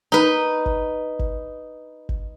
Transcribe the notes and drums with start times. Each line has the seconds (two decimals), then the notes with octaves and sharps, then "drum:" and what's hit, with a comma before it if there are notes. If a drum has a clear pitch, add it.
0.12 D#4 B4
0.66 drum: kick G#1
1.19 drum: kick G#1
2.09 drum: kick G#1